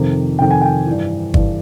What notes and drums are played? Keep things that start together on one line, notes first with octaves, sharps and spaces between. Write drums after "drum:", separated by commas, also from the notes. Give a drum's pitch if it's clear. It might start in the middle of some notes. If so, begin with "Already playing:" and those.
Already playing: F2 C3 D#3
F2 C3 D#3 G5
G#5
G5
G2 E3
G2 E3, drum: kick